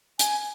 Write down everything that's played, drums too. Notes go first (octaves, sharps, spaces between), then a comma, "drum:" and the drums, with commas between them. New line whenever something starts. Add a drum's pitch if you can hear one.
G#5, drum: hi-hat